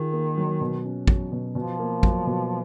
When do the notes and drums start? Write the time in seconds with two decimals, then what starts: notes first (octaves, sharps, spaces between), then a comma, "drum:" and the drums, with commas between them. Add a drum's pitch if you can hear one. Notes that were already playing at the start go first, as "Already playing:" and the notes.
Already playing: D#3 F4 G#4
0.13 A#3
0.37 F#3
0.61 B2
0.84 C#4
1.07 F#3, drum: kick
1.32 B2
1.55 B2 F3
1.79 A#3
2.03 F#3, drum: kick
2.26 B2